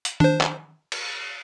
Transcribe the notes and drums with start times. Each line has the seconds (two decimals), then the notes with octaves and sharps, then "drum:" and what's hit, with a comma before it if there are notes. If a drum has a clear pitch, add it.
0.05 drum: hi-hat
0.20 D4 C5, drum: tom D#3
0.41 drum: clap
0.92 drum: cymbal